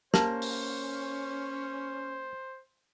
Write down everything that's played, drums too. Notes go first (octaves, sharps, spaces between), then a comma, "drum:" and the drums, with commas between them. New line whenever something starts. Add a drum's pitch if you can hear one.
A#3 C#4 G4 C5 A5, drum: snare
drum: open hi-hat